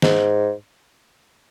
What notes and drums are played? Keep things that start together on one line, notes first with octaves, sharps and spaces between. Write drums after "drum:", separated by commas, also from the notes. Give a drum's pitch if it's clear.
G#2, drum: snare